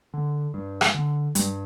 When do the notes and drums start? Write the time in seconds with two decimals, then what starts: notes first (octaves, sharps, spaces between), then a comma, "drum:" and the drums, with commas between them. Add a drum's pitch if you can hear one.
0.14 D3
0.54 G2
0.81 drum: rim click
0.95 D3
1.35 G2 G3, drum: hi-hat